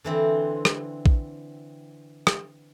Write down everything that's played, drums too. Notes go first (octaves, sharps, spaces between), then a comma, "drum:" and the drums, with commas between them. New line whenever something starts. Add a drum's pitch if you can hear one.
D3 E3 C4
drum: rim click
drum: kick A#1
drum: rim click